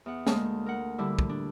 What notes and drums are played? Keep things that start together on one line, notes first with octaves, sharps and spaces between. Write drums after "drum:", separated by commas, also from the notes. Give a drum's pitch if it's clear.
E2 F#5
D2 G#3 A#3 A5, drum: snare
A#4 F#5
D3 G3 E4
drum: kick
D4